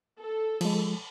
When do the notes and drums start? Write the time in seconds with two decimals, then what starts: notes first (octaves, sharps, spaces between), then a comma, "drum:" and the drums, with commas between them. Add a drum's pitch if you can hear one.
0.19 A4
0.61 F3 G#3, drum: cymbal